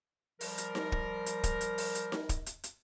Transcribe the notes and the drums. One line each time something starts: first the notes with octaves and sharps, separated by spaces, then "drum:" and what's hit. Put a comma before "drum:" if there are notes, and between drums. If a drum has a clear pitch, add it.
F3 G3 A#4, drum: open hi-hat
drum: hi-hat
drum: snare D#4
drum: kick
drum: hi-hat
drum: kick, hi-hat
drum: hi-hat
drum: open hi-hat
drum: hi-hat
drum: snare D#4
drum: kick, hi-hat
drum: hi-hat
drum: hi-hat